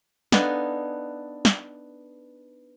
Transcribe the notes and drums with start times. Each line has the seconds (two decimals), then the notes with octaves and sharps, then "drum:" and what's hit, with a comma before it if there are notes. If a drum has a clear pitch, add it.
0.32 B3 D4 D#4 A4 F5 G#5, drum: snare
1.45 drum: snare